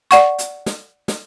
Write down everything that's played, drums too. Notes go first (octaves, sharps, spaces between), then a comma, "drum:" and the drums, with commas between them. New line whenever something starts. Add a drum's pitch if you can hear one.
D5 F#5 C#6, drum: hi-hat
drum: hi-hat
drum: snare
drum: snare